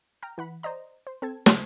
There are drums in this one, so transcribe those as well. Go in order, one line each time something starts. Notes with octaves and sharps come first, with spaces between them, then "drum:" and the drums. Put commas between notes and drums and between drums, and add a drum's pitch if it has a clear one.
G5 A#5 F6
E3 F#5 B5
C5 D5 D#5 A#5
C5
C4 A4 A5 G#6
C#3 G#3 A3, drum: snare